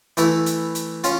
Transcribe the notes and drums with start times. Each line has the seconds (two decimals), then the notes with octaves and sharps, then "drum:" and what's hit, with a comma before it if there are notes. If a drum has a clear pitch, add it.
0.17 E3 A3 E4, drum: hi-hat
0.46 drum: hi-hat
0.75 drum: hi-hat
1.04 C#4 F4, drum: hi-hat